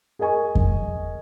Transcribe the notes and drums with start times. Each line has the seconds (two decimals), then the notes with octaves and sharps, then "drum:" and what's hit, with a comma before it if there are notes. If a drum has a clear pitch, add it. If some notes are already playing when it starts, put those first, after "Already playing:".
0.19 G#4 A#4 D#5 G#5 C#6
0.55 drum: kick F2